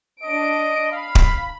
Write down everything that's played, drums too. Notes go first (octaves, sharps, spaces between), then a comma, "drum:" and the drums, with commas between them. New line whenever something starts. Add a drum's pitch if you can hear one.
D4 D#5 D7
F5 B5
drum: kick D1